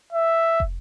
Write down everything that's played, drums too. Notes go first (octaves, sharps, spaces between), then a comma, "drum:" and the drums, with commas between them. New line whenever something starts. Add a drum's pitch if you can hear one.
E5
drum: kick